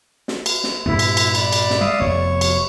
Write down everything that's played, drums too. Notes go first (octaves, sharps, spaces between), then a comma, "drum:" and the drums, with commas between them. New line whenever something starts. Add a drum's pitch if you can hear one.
drum: snare
drum: cymbal
drum: snare
G2 A#2 B3 E4
drum: cymbal
drum: cymbal
D5 B5, drum: cymbal
drum: cymbal
drum: snare
G3 G#3 E5 F5 D#6
F1 F2 B3 C#5
drum: cymbal